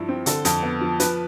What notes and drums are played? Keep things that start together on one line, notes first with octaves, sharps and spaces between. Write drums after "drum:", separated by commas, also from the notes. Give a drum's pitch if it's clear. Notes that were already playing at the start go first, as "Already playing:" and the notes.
Already playing: G2 F3 E4
C4
D3 A4, drum: hi-hat
F2, drum: hi-hat
B3
F3
F3 B4, drum: hi-hat